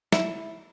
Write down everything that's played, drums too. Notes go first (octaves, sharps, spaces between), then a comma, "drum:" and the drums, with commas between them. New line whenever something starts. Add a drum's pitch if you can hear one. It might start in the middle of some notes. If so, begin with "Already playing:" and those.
E4, drum: snare